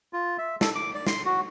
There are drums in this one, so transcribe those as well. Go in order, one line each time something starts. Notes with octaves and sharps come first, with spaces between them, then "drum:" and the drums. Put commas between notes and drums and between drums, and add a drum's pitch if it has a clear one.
F4
E5
A4, drum: snare
D6
D5
C6, drum: snare
F#4